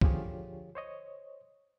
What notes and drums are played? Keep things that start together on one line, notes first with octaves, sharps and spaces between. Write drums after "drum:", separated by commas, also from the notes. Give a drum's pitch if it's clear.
D3 F3 F4 G4 G#4 C#5, drum: kick
C5 C#5 D#5